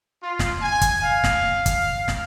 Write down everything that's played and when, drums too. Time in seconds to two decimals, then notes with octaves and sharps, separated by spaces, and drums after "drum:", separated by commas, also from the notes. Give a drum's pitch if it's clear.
0.22 F4
0.39 drum: snare
0.61 G#5
0.81 drum: kick, hi-hat
1.03 F5
1.24 drum: snare
1.66 drum: kick, hi-hat
2.08 drum: snare